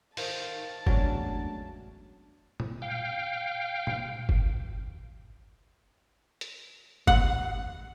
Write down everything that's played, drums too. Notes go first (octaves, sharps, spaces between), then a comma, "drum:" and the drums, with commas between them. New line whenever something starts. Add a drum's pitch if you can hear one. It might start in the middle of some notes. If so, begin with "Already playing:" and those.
D#3 C5 F5 A5, drum: open hi-hat
E2 F#3 G#3 A3 C#4 D4, drum: kick
drum: tom A#2
F5 G5
drum: tom A#2
drum: kick
drum: hi-hat
F#5, drum: kick